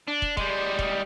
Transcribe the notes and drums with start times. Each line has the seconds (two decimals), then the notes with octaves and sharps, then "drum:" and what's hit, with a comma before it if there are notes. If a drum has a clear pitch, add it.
0.08 D4
0.22 drum: kick
0.37 G3 G#3, drum: kick
0.79 drum: kick